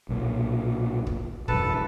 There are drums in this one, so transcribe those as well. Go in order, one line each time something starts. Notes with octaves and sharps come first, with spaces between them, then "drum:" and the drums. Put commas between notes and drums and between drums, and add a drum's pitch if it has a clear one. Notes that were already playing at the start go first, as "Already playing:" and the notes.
B1 A#2
drum: kick
E1 F#2 A4 B4 A5, drum: kick